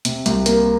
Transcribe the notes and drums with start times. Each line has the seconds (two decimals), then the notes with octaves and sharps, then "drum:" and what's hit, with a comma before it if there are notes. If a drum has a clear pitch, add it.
0.05 C3, drum: hi-hat
0.26 C2, drum: hi-hat
0.46 A#3, drum: hi-hat